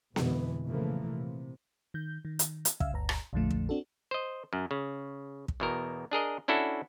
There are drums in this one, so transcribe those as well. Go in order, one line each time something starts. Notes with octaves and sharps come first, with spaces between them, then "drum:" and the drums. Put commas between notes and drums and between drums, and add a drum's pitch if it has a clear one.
F2 B2 D3 E3 G#3 B3, drum: snare B3
A#2 C#3 E3 F3 A3 A#3
C3
D#3 G6
D#3
drum: hi-hat
drum: hi-hat
C2 C#3 E5 F5 E6, drum: kick
G1 D2 A#5
drum: rim click
A#1 F2 A#2 D3 F3 A3
drum: kick
C4 D4 F#4 A4
C5 D#5
F#2
C#3
drum: kick
E2 B2 A#4
D4 G#4 A#4 D#5
C#4 D4 E4 F#4 A4